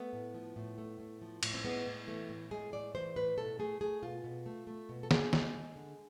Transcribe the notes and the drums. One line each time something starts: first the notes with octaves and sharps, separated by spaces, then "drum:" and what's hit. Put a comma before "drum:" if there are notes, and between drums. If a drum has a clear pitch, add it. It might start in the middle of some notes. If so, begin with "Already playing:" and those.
Already playing: A3 B3
A2
F3
A2
A3
A2
F3
A2, drum: cymbal
C4
G#3 B3
A2
E3 A3
A2
G#3 G#4
A2 D5
E3 C5
A2 B4
B2 A4
A3 G#4
A3 G#4
B2 F4
B2
A3
A3
B2
A4
D3 G#4, drum: snare
G#3, drum: snare
G#3
D3